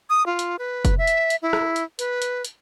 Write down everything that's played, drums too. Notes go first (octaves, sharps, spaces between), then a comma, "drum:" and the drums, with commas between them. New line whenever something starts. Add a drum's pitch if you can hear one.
D#6
F4
drum: hi-hat
B4
drum: kick, hi-hat
E5
drum: hi-hat
drum: hi-hat
E4
drum: rim click
drum: hi-hat
B4, drum: hi-hat
drum: hi-hat
drum: hi-hat